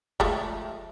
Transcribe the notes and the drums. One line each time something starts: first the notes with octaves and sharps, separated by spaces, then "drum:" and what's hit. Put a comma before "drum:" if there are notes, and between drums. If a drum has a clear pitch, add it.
F3 G#3 A3, drum: kick F#1